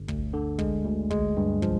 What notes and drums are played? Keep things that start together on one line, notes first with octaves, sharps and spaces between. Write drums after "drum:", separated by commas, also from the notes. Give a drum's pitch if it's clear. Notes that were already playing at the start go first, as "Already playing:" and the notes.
Already playing: G1
D2, drum: kick
D3
G#3, drum: kick
D2
G#3, drum: kick
G2
F3, drum: kick